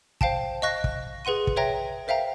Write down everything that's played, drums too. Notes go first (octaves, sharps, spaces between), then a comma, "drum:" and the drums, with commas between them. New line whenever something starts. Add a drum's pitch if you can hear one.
C5 F5 G5 A5, drum: kick
D#5 F5 C#6 F#6 A#6
drum: kick
G#4 B4 F#5 C6 D#7
drum: kick
B4 C#5 E5 G5 A#5 A#6
A#4 C5 E5 F5 G5 A#5